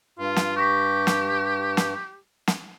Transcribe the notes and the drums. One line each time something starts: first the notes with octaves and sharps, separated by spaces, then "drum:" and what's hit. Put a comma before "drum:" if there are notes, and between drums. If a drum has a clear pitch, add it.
G2 F4
drum: snare
G4 C#6 A#6 B6
drum: snare
drum: snare
drum: snare